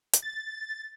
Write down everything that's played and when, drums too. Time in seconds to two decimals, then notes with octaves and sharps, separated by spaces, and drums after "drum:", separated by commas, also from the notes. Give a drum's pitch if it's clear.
0.13 drum: hi-hat
0.22 A6